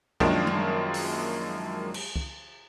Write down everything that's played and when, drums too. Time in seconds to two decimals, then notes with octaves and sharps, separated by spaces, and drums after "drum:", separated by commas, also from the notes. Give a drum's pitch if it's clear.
0.20 F#2 D#3 F3 G#3 A#3 D4, drum: kick
0.47 drum: tom G3
0.94 drum: open hi-hat
1.94 drum: cymbal
2.16 drum: kick